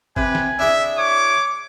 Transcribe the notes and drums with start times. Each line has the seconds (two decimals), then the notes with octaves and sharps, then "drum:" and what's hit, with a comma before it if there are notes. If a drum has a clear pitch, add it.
0.16 C3 B4 G#5, drum: kick G1
0.35 drum: snare
0.59 D4 E4 G#4 E5
0.98 C#5 D6